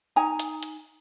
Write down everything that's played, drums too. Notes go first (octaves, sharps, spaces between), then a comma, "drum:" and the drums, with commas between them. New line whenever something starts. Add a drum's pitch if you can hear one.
D#4 G#5 A#5
drum: hi-hat
drum: hi-hat